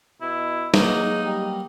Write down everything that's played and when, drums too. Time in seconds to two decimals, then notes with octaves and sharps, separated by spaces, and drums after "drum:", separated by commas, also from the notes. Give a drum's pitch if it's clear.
0.21 B2 E4
0.74 F#3 G#3 A#3 B3 D#4, drum: snare
1.24 G3